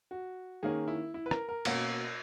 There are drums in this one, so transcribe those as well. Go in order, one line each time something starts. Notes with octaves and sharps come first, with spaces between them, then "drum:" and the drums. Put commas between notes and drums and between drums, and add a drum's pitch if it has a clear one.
F#4
D#3 A#3 C#4 G#4
E4
E4
B4
A#4, drum: rim click
A#4
B2 A#3 C#4, drum: cymbal